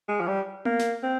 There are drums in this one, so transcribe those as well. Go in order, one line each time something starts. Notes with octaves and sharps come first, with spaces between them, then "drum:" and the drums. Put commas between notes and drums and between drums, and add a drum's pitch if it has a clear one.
G#3
F3
G3
A#3, drum: tom B3
drum: snare
C4